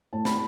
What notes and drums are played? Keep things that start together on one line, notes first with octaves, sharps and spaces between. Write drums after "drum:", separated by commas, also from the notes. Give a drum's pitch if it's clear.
A2 A5
B5, drum: snare